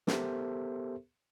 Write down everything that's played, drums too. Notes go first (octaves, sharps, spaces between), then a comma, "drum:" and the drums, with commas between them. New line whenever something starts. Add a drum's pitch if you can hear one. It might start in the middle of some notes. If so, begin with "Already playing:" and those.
B3 G4 A4 A#4 C5 E5, drum: snare